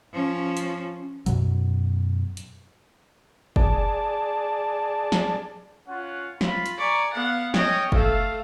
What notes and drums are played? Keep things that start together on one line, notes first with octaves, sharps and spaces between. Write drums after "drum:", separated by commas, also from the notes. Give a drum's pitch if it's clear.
F3 C#4
drum: hi-hat
F#2 B2 F#3, drum: hi-hat
drum: hi-hat
G#4 D5 A5, drum: kick F#1
drum: snare
C#4 F4 F#5
F4 B5, drum: snare
drum: hi-hat
D5 G#5 A#5 C#6
B3 F5 F#5
C#4 C#5 D#5 G5, drum: snare
A3 A4 F5, drum: kick F#1